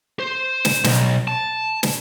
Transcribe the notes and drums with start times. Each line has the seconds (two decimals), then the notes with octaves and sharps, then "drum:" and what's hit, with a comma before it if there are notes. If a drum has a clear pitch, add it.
0.20 C5
0.65 drum: snare
0.84 B1, drum: snare
1.28 A5
1.83 drum: snare